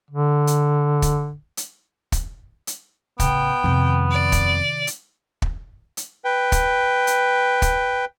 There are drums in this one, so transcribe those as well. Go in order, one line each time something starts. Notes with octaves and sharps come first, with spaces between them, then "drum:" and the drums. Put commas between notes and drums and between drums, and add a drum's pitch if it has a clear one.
D3
drum: hi-hat
drum: kick, hi-hat
drum: hi-hat
drum: kick, hi-hat
drum: hi-hat
A1 C#3 B3 G5, drum: kick, hi-hat
F2 C3 D#3
D5
drum: kick, hi-hat
drum: hi-hat
drum: kick
drum: hi-hat
B4 G5
drum: kick, hi-hat
drum: hi-hat
drum: kick, hi-hat